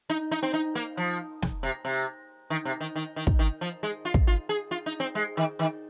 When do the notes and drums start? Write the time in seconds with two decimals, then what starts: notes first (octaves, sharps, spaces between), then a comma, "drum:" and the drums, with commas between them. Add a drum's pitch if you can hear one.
0.10 D#4
0.31 D#4
0.43 C4
0.54 D#4
0.75 A#3
0.97 F3
1.42 drum: snare
1.63 C3
1.85 C3
2.50 D#3
2.65 C3
2.81 D#3
2.95 D#3
3.16 D#3
3.27 drum: kick
3.39 D#3
3.61 F3
3.83 G#3
4.05 F4
4.14 drum: kick
4.27 F4
4.49 G#4
4.71 F4
4.86 D#4
5.00 C4
5.15 G#3
5.37 D#3
5.59 D#3